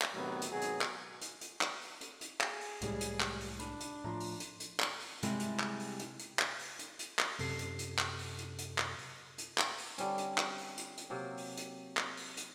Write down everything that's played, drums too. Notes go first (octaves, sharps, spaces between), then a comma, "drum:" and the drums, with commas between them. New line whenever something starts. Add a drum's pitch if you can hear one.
drum: clap
A2 C3 D#3 F#3 B3
drum: hi-hat
G#1 B2 F#3 G#4
drum: hi-hat
drum: clap
drum: hi-hat
drum: hi-hat
drum: clap
drum: open hi-hat
drum: hi-hat
drum: hi-hat
G#4 G5 G#5, drum: clap
drum: open hi-hat
C2 A2 E3 G3 G#3, drum: hi-hat
drum: hi-hat
drum: clap
drum: open hi-hat
D4 B5, drum: hi-hat
drum: hi-hat
A2 F3 A#5 C6
drum: open hi-hat
drum: hi-hat
drum: hi-hat
drum: clap
drum: open hi-hat
C3 G3 G#3 E4 G5, drum: hi-hat
drum: hi-hat
drum: clap
drum: open hi-hat
drum: hi-hat
drum: hi-hat
drum: clap
drum: open hi-hat
drum: hi-hat
drum: hi-hat
drum: clap
F#2 C3 A4 C7, drum: open hi-hat
drum: hi-hat
drum: hi-hat
drum: clap
drum: open hi-hat
drum: hi-hat
drum: hi-hat
drum: clap
drum: open hi-hat
drum: hi-hat
drum: clap
drum: open hi-hat
D3 G3 C4 C#4, drum: hi-hat
drum: hi-hat
drum: clap
drum: open hi-hat
drum: hi-hat
drum: hi-hat
C3 F#3 A#3 C4
drum: open hi-hat
drum: hi-hat
drum: clap
drum: open hi-hat
drum: hi-hat